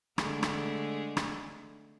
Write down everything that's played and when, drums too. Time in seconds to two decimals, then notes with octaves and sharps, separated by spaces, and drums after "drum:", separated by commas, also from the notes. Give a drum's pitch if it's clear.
0.18 D3 G#3 A3, drum: rim click
0.43 drum: rim click
1.17 drum: rim click